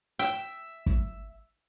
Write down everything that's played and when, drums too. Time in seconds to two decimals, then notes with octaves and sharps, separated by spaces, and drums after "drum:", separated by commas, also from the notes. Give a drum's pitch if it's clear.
0.19 E5 G5
0.86 drum: kick